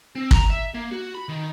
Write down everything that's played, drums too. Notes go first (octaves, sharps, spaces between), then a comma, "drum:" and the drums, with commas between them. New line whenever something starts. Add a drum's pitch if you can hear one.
C4
A#5, drum: kick
E5
A#3
F#4
B5
D#3